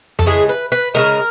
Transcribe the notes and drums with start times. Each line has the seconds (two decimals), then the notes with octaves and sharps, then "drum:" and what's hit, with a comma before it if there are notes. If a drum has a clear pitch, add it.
0.19 A4, drum: tom F2
0.26 C#3 E3 G#3 G#4
0.49 B4
0.72 B4
0.94 C#3 E3 G#3 A#4